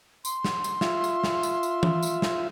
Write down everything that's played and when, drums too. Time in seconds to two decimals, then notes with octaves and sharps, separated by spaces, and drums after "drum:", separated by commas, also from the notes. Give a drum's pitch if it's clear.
0.25 C6, drum: tambourine
0.44 drum: snare
0.64 drum: tambourine
0.81 F4 E5, drum: snare
1.04 drum: tambourine
1.24 drum: snare
1.43 drum: tambourine
1.63 drum: tambourine
1.83 drum: tom
2.03 drum: tambourine
2.22 drum: snare